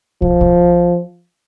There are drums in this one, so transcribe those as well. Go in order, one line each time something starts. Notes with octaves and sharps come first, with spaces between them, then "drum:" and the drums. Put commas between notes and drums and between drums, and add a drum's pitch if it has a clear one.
F3, drum: kick
drum: kick